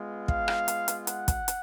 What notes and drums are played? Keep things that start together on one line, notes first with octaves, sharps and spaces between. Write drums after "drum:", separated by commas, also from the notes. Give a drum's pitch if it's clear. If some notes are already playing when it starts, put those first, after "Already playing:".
Already playing: G#3 B3 F4
F5, drum: kick
drum: rim click
drum: hi-hat
drum: hi-hat
F#5, drum: hi-hat
drum: kick, hi-hat
drum: hi-hat